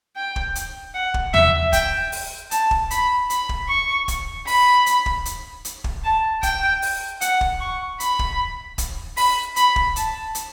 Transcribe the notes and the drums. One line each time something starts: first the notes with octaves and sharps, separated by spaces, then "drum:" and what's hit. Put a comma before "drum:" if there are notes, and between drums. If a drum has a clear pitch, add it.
G5
drum: kick
drum: hi-hat
F#5
drum: kick
E5, drum: tom D#2
G5, drum: kick, hi-hat
drum: open hi-hat
A5, drum: hi-hat
drum: kick
B5, drum: hi-hat
B5, drum: hi-hat
drum: kick
C#6
drum: kick, hi-hat
B5, drum: open hi-hat
drum: hi-hat
drum: kick
drum: hi-hat
drum: hi-hat
drum: kick
A5
G5, drum: kick, hi-hat
drum: open hi-hat
F#5, drum: hi-hat
drum: kick
C#6
B5, drum: hi-hat
drum: kick
drum: kick, hi-hat
B5, drum: open hi-hat
B5, drum: hi-hat
drum: kick
A5, drum: hi-hat
drum: hi-hat